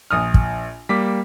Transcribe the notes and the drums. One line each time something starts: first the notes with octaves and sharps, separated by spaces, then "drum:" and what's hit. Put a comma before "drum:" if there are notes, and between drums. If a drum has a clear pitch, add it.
A#1 D#6 F6
drum: kick
G3 A#3 D6 B6